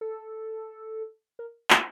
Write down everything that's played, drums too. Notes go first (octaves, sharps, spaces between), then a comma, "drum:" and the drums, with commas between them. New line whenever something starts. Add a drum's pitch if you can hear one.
A4
A#4
drum: clap